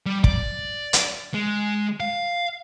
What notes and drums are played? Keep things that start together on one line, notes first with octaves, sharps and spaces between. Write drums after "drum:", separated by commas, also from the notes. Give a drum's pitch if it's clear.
G3
D5, drum: kick
drum: hi-hat
G#3
F5